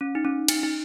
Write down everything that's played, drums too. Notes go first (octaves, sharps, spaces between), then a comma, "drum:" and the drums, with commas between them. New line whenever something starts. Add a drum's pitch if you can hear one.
C#4
D#4
C#4
D#4, drum: cymbal
D#4